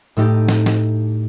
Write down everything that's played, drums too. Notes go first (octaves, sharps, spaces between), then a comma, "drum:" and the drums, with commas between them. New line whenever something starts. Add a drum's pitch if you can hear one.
A2 A3 D#4 G4
drum: snare
drum: snare